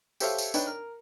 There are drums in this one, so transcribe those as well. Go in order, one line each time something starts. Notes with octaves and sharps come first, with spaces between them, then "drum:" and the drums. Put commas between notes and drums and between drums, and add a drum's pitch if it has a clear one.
G4 A4 C5 C#5 E5 F5, drum: tambourine
drum: tambourine
D4 D#4 B4 C#5 G5, drum: tambourine
A#4